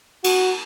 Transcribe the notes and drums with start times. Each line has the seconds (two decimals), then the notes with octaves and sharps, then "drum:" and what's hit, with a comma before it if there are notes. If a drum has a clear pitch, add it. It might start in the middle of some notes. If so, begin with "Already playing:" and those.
0.24 F#4, drum: cymbal